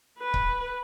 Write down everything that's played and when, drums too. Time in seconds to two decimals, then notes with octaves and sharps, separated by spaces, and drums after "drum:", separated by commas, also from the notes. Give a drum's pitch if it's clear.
0.18 B4
0.34 drum: kick C#1